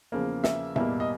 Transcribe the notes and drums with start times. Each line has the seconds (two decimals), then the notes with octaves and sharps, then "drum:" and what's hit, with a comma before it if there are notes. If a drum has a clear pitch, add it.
0.12 E2 C#3 F3 A#3
0.44 E5, drum: snare
0.76 E2 B2 G3 A#3 E5, drum: tom A2
1.00 D#5